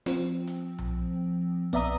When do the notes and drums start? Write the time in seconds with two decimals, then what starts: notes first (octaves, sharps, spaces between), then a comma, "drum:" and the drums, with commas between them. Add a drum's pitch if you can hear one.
0.06 F3 C4, drum: snare
0.47 drum: hi-hat
0.79 drum: tom B1
1.73 B3 D5 E5 A#5 D#6, drum: tom B1